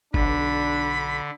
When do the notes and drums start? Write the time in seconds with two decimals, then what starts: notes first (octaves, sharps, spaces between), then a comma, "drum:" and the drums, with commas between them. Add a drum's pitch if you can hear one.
0.14 B1 D3 D4 B5, drum: kick G1